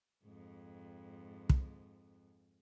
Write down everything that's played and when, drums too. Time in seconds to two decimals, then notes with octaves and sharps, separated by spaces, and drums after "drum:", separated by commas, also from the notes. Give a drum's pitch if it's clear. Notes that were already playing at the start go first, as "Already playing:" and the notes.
0.23 F2 G#2
1.50 drum: kick